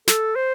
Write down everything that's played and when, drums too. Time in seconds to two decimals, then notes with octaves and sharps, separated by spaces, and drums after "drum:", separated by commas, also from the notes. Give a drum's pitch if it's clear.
0.08 A4, drum: snare
0.35 C5